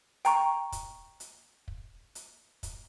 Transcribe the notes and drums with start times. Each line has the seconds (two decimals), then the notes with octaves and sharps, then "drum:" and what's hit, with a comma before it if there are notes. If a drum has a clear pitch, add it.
0.25 G5 A#5 C#6, drum: hi-hat
0.72 drum: kick, hi-hat
1.20 drum: hi-hat
1.68 drum: kick
2.15 drum: hi-hat
2.63 drum: kick, hi-hat